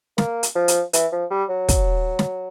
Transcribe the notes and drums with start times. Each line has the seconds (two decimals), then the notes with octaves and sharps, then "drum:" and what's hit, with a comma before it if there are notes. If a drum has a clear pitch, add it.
0.18 A#3, drum: snare
0.43 drum: hi-hat
0.55 F3
0.68 drum: hi-hat
0.93 E3, drum: hi-hat
1.12 F3
1.30 G3
1.49 F#3
1.69 drum: kick, hi-hat
2.19 drum: snare